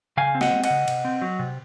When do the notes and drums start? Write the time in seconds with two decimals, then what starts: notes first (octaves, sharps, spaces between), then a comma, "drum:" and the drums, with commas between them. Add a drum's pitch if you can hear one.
0.17 C#3 F5 G#5
0.35 C4
0.41 D#5 F#5, drum: snare
0.53 G#3
0.64 D#5 F#5, drum: cymbal
0.70 C#3
0.88 C3, drum: cymbal
1.05 C4
1.22 F#3
1.39 C3